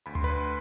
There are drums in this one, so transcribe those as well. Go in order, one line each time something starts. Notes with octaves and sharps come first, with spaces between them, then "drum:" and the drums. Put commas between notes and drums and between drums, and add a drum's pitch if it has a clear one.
D2 B5
C6, drum: tom D2
B4 B5
D2